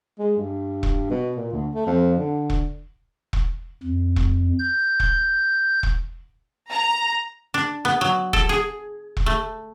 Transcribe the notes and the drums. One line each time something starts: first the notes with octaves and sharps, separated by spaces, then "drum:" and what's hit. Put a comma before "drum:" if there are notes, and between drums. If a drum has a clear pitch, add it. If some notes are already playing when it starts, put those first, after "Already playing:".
G#3
G2
drum: kick E1
B2
A#2
D2
A3
F2
D3
drum: kick E1
drum: kick E1
F2
drum: kick E1
G6
drum: kick E1
drum: kick E1
A#5
D4
B3
F#3
A4, drum: kick E1
G#4
drum: kick E1
A3